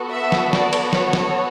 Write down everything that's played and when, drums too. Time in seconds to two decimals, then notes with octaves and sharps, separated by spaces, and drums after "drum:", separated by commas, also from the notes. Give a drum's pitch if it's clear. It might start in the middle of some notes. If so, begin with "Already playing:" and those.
Already playing: B3 F#4 A4
0.12 E5
0.32 drum: snare
0.53 D5, drum: snare
0.73 drum: cymbal
0.93 C#5, drum: snare
1.13 drum: snare